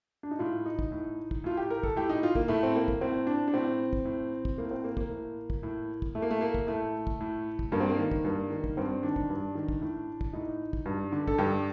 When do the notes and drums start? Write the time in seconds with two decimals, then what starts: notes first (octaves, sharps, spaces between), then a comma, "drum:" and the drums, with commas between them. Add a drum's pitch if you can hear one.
0.23 D4
0.31 D#4
0.39 A2 F4
0.66 D#4
0.79 drum: kick
0.92 A2
1.31 drum: kick
1.44 A2 F4
1.57 G4
1.70 A#4
1.83 A4, drum: kick
1.96 A2 G4
2.09 D#4
2.23 F4
2.35 A#3, drum: kick
2.48 A2 A3
2.63 C4
2.76 A#3
2.88 drum: kick
3.01 A2 C4
3.27 D4
3.48 D4
3.54 A2 C4
3.93 drum: kick
4.05 A2
4.45 drum: kick
4.58 A2 A#3
4.71 C4
4.84 A#3
4.97 A#3, drum: kick
5.10 A2
5.50 drum: kick
5.63 A2
6.02 drum: kick
6.15 A2 A3
6.22 A#3
6.31 A3
6.41 A#3
6.54 drum: kick
6.67 A2 A3
7.07 drum: kick
7.20 A2
7.59 drum: kick
7.72 G2 A#3
7.80 C4
7.89 A#3
7.98 D#3
8.11 drum: kick
8.25 G2
8.50 D#3
8.64 drum: kick
8.77 G2 C4
9.03 D#3 D4
9.16 drum: kick
9.29 G2
9.55 D#3
9.68 drum: kick
9.81 A2
10.21 drum: kick
10.33 A2 D#4
10.73 drum: kick
10.86 G2
11.12 D3
11.27 A4, drum: kick
11.38 G2 G4